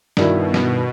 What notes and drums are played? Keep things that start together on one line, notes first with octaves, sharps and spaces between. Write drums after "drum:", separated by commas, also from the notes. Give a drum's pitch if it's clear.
G2 B2 D#3 E4 F#4 A#4 D5, drum: snare
drum: snare